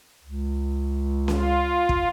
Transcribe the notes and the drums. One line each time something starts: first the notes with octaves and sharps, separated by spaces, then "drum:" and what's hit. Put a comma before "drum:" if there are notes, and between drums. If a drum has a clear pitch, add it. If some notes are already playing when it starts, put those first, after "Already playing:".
C#2
F4, drum: snare C#4
drum: kick